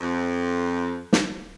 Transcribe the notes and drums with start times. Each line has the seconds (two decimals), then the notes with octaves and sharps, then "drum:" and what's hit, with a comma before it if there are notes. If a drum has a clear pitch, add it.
0.01 F2
1.13 drum: snare